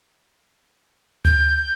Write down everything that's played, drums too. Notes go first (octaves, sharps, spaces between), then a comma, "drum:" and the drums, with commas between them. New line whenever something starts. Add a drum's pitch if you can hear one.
G6, drum: tom D2